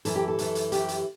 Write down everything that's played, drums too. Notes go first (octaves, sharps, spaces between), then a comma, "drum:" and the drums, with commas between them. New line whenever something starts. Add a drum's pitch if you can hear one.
F#2 E3 A4, drum: hi-hat
G4
A4
F#2 E3, drum: hi-hat
drum: hi-hat
F#2 E3 G4, drum: hi-hat
drum: hi-hat